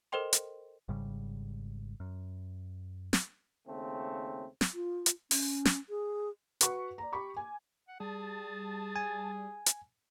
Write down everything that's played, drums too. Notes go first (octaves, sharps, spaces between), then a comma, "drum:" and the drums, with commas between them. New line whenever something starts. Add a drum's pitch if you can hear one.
A4 A#4 C5 D#5 G5 C6
drum: hi-hat
G#1 G#2 C#3 G3
F#2
drum: snare
D#2 C#3 A3 C4
drum: snare
F4
drum: hi-hat
C#4, drum: open hi-hat
drum: snare
G#4
F#4 B4 F#5 C#6, drum: hi-hat
D5 A#5
G4 B5 C#6 D6
G#5
F#5
G3 G#4 A5
G#5
drum: hi-hat